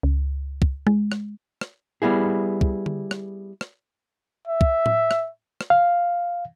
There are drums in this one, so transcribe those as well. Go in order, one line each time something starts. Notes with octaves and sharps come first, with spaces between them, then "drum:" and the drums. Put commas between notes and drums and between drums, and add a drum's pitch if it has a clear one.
C#2
drum: kick
G#3, drum: tom G#3
drum: rim click
drum: rim click
G3 B3 E4 G#4
drum: kick
drum: tom D3
drum: rim click
drum: rim click
E5
drum: kick
drum: tom A2
drum: rim click
drum: rim click
F5